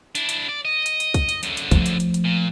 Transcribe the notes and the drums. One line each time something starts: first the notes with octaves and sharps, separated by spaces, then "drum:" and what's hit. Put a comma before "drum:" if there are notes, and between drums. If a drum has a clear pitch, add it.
D4 E4, drum: hi-hat
drum: hi-hat
D5
D#5
drum: hi-hat
drum: hi-hat
drum: kick, hi-hat
drum: hi-hat
F#2 D3, drum: hi-hat
drum: hi-hat
F3 A3, drum: kick, hi-hat
drum: hi-hat
drum: hi-hat
drum: hi-hat
A#2